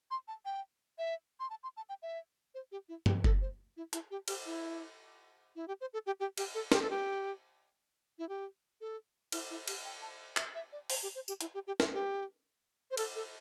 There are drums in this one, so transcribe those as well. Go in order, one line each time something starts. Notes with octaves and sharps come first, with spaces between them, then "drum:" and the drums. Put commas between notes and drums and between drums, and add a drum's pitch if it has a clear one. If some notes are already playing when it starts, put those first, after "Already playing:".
C6
A5
G5
E5
C6
A5
C6
A5
G5
E5
C5
G4
E4
G4, drum: tom G2
A4, drum: kick F#1
C5
E4
E4, drum: hi-hat
G4
G4, drum: cymbal
E4
E4
G4
C5
A4
G4
G4
G4, drum: cymbal
A4
G4, drum: snare
A4
G4
E4
G4
A4
E4, drum: cymbal
E4
G4, drum: cymbal
G5
A5
E5, drum: clap
E5
D5
C5, drum: open hi-hat
G4
C5
G4, drum: tambourine
E4, drum: hi-hat
G4
G4
E4, drum: snare
G4
C5
A4, drum: cymbal
A4